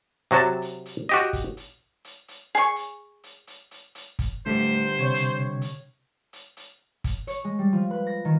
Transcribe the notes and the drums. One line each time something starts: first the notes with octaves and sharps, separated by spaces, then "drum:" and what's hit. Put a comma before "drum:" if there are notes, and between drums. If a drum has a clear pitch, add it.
C3 F#3 F#4 A5
drum: hi-hat
drum: hi-hat
F#4 G4 D#5, drum: hi-hat
drum: kick G1, hi-hat
drum: hi-hat
drum: hi-hat
drum: hi-hat
G#4 C#6
drum: hi-hat
drum: hi-hat
drum: hi-hat
drum: hi-hat
drum: hi-hat
drum: kick G1, hi-hat
A2 D3 G3 A3 G4 C5 B6
C3 C#5 C#6 G#6
drum: hi-hat
drum: hi-hat
drum: hi-hat
drum: hi-hat
drum: kick G1, hi-hat
C#5, drum: hi-hat
G#3
G3
F3
B4
A#6
D#3